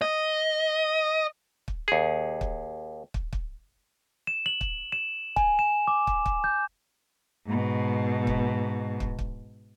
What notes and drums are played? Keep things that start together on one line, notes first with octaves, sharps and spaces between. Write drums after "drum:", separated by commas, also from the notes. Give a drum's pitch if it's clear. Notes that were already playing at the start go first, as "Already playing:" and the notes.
D#5
drum: kick
D#2 G#4
drum: kick
drum: kick
drum: kick
E7
F#7
drum: kick
E7
G#5, drum: kick
E7
D6
drum: kick
drum: kick
G6
G#2 B2
drum: kick
drum: kick
drum: kick